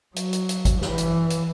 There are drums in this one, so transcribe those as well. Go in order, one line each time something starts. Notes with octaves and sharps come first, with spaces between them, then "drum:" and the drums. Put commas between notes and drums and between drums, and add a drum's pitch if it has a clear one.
F#3, drum: hi-hat
drum: hi-hat
drum: hi-hat
drum: kick G#1, hi-hat
E3, drum: snare
drum: hi-hat
drum: hi-hat